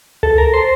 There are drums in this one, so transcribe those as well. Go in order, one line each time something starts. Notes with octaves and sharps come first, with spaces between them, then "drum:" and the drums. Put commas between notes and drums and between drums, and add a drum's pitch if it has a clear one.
A4, drum: tom C#2
A#4
C5